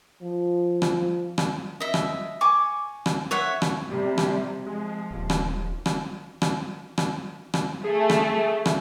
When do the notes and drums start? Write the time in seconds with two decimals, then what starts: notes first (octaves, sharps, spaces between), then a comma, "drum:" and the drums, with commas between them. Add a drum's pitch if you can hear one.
0.22 F3
0.82 drum: rim click
1.38 drum: rim click
1.80 D#5 E5
1.94 drum: rim click
2.41 G#5 C#6 D6
3.06 drum: rim click
3.31 C#5 E5 F#5
3.62 drum: rim click
3.90 C3 G3
4.18 drum: rim click
4.66 F3 G#3
5.11 D#1
5.30 drum: rim click
5.86 drum: rim click
6.42 drum: rim click
6.98 drum: rim click
7.54 drum: rim click
7.84 A3 G#4
8.10 drum: rim click
8.66 drum: rim click